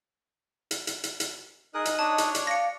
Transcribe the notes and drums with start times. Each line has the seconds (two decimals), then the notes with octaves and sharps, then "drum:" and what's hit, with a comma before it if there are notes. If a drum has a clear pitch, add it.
0.71 drum: hi-hat
0.87 drum: hi-hat
1.04 drum: hi-hat
1.20 drum: hi-hat
1.74 D#4 G#4 A#4 D#5 D#6 F#6
1.85 drum: hi-hat
1.99 D4 C#5 A5
2.18 drum: hi-hat
2.35 D5, drum: hi-hat
2.47 F5 A#6 C#7